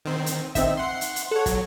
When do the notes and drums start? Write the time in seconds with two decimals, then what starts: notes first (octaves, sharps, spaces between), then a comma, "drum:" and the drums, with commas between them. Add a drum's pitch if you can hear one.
0.05 D#3 C4
0.26 drum: hi-hat
0.55 D#3 C4 D#4 E5, drum: kick, hi-hat
0.77 F#5 C6
1.01 drum: hi-hat
1.16 drum: hi-hat
1.31 A4 C#5 F#5
1.46 F#3, drum: kick, hi-hat